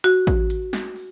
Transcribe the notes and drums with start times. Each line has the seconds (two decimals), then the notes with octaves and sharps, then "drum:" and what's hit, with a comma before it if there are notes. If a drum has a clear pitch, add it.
0.04 F#4, drum: open hi-hat
0.27 drum: kick A1, hi-hat
0.50 drum: hi-hat
0.73 drum: snare
0.96 drum: open hi-hat